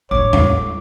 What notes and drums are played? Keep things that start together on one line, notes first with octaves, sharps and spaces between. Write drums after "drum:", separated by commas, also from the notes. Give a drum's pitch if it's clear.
A1 D4 C#5 D6
drum: tom E2